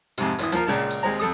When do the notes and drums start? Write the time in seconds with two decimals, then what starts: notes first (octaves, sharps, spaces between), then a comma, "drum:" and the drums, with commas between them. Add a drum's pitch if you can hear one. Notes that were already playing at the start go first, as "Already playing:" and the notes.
0.18 F2 G#2 C3, drum: tambourine
0.39 G#1 E3 D#6, drum: tambourine
0.52 F3 A#3 F4 A#4, drum: tambourine
0.66 C#2 A#2 C#3 G#3 A5
0.91 drum: tambourine
1.03 D#2 G#3 C4 A#5
1.20 F2 A4 D#6